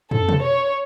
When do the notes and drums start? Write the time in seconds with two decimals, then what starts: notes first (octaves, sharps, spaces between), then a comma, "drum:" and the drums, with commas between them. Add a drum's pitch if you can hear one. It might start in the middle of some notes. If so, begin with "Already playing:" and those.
0.11 A4, drum: tom
0.29 drum: tom
0.42 C#5